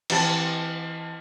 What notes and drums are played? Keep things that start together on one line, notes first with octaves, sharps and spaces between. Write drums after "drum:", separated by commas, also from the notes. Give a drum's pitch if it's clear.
E3 C4 G4 A5 A6, drum: cymbal